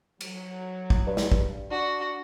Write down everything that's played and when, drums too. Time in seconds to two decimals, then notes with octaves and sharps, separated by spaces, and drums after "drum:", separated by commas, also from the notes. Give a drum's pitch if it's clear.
0.21 F#3, drum: cymbal
0.90 drum: kick
1.07 G2
1.17 drum: snare
1.32 drum: kick
1.71 D4 F#4